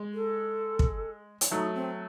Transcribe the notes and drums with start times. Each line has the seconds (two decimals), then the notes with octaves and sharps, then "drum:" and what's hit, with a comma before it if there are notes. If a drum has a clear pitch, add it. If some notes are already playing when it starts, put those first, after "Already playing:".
Already playing: G#3
0.14 A4
0.79 drum: kick
1.41 drum: hi-hat
1.51 F#3 A3 D#4
1.75 C4